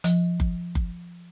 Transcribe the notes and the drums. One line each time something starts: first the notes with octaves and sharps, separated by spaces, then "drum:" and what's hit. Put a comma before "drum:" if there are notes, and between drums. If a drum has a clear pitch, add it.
F3, drum: hi-hat
drum: kick F#1
drum: kick F#1